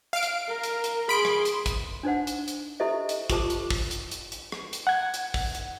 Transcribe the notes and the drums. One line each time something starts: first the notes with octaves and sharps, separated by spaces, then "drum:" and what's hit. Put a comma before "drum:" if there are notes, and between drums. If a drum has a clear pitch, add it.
F5 D7
drum: hi-hat
A#4
drum: hi-hat
drum: hi-hat
G#4 B5 C6 D7
drum: rim click
drum: hi-hat
drum: kick, hi-hat
D4 D#4 C5 F#5
drum: hi-hat
drum: hi-hat
E4 G4 A4 C5 D#5 E5
drum: hi-hat
F4 G4 A4 C5 A5 D6, drum: kick, hi-hat
drum: hi-hat
drum: kick, open hi-hat
drum: hi-hat
drum: hi-hat
drum: hi-hat
drum: rim click
drum: hi-hat
F#5 G#6
drum: hi-hat
drum: kick, open hi-hat
drum: hi-hat